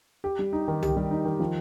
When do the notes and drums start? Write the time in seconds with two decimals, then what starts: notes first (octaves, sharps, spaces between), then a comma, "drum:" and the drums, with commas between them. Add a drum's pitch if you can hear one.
0.24 G4
0.39 G3
0.53 D#4
0.68 D#3
0.83 G4, drum: tom C2
0.97 G3
1.11 D#4
1.25 D#3
1.40 F3